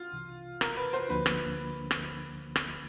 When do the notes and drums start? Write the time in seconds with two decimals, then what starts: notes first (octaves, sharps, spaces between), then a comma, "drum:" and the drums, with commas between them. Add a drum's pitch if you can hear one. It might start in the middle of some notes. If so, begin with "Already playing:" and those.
Already playing: F4
0.12 C2 C3 E3
0.61 A#4, drum: rim click
0.76 B4
0.93 C5
1.09 D2 D3 F3 A#3 D4 B4
1.26 drum: rim click
1.91 drum: rim click
2.56 drum: rim click